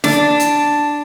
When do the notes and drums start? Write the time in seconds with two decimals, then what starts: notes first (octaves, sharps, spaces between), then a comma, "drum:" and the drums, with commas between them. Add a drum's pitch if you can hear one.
0.04 D4, drum: snare
0.40 drum: hi-hat